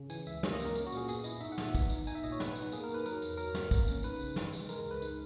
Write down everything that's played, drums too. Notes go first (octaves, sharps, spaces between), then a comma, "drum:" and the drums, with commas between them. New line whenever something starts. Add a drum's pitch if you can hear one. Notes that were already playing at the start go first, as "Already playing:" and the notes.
Already playing: C#3
E3 G#5, drum: tambourine
C#2 E5, drum: tambourine
A#3 D#5, drum: snare
D#5
F#2, drum: tambourine
A#4
C#4, drum: tambourine
F#4
A#2 G#4, drum: tambourine
B3 G#4, drum: tambourine
E4 D#5, drum: tambourine
D#4 E5, drum: tambourine
F#5
A#2, drum: snare
E5
B3, drum: kick, tambourine
D#4, drum: tambourine
D#4 G#5, drum: tambourine
E5
A#2 D#5, drum: tambourine
C#5
B3 B4, drum: snare
D#4, drum: tambourine
A#3 G#4, drum: tambourine
A#4
D#4, drum: tambourine
B4
F#3 A#4, drum: tambourine
E2, drum: tambourine
F#3 A#4, drum: tambourine
B3, drum: snare
A#3, drum: kick, tambourine
C#4, drum: tambourine
D#4 B4, drum: tambourine
C#3, drum: tambourine
E3, drum: snare
G#3, drum: tambourine
G#3 A#4, drum: tambourine
A#4
C#2
B4
D#4, drum: tambourine